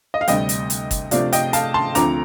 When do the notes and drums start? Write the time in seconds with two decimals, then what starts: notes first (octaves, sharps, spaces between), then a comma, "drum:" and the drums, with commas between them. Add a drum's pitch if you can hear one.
0.14 D#5
0.21 F5
0.28 D2 C3 G3 D#5 G5, drum: hi-hat
0.49 drum: hi-hat
0.70 drum: hi-hat
0.91 drum: kick, hi-hat
1.11 C3 F3 A3 D4 D5 F5, drum: hi-hat
1.33 D#5 G5, drum: hi-hat
1.53 F5 A5, drum: hi-hat
1.74 A5 C6
1.95 D2 D3 F3 C4 A#5 D6, drum: hi-hat